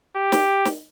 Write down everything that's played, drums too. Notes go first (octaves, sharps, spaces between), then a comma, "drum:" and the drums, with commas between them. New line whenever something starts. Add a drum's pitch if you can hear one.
G4
drum: snare
drum: snare